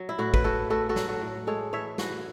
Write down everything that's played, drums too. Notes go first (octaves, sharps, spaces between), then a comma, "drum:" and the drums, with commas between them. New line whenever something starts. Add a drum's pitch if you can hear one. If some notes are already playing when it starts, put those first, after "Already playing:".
Already playing: F#3
E4
A2 F#4
B4, drum: kick
E4 F#4 A4
A3 F#4 A4
F#4 A4
F#3, drum: snare
F#4 A4
A2
G#3 A4 C#5
E3 C#5 E5
E3 F#4, drum: snare